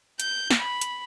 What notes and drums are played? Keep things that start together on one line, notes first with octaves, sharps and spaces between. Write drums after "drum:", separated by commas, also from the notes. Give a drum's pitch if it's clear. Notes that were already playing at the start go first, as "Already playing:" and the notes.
G6, drum: hi-hat
drum: snare
B5
drum: hi-hat